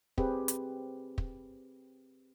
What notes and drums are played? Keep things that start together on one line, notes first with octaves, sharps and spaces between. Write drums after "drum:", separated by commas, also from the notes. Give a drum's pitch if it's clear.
C4 G4 G#4 B4, drum: kick
drum: hi-hat
drum: kick